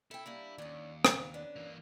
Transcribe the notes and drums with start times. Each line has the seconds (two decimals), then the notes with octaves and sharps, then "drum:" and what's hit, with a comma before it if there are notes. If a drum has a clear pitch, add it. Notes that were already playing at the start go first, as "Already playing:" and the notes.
0.11 E4 A4 G5
0.26 G3 A#3 D4
0.58 D#2 C#4 D4
1.05 C#3, drum: rim click
1.34 B3 C#4 D4
1.56 E3 A#3